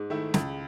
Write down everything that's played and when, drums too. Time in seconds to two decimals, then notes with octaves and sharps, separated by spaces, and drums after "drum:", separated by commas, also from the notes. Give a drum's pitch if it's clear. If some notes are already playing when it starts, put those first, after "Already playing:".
Already playing: G#2 G#4
0.10 D#3 A3 E4
0.34 C#2, drum: snare